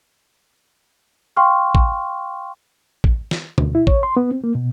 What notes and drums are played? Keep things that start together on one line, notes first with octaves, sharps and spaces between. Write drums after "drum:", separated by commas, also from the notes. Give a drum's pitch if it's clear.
F5 G5 C6 C#6 F6
drum: kick A1
drum: kick A1
drum: snare
D2, drum: tom B2
E4
C#5, drum: kick A1
C6
B3
C4
A#3
B2